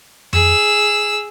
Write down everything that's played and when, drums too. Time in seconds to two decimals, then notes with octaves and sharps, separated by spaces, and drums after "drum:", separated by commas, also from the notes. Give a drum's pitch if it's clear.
0.33 G#4 E6, drum: tom F2